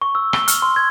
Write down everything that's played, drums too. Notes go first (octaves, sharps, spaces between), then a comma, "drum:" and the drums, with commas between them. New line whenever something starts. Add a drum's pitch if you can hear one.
C#6
E6
G7, drum: rim click
F6, drum: hi-hat
C6
G#6